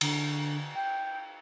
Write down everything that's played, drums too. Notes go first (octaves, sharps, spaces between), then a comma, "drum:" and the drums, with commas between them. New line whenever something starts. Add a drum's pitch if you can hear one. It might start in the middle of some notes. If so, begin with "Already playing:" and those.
D3, drum: cymbal
G5